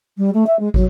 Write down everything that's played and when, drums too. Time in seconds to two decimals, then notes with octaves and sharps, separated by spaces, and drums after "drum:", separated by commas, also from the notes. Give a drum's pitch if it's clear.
0.17 G3
0.34 A3
0.46 E5
0.59 G#3
0.74 F#3, drum: kick